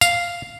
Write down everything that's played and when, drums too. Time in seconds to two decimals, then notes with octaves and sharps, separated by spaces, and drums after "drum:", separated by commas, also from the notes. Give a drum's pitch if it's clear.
0.01 F5, drum: tambourine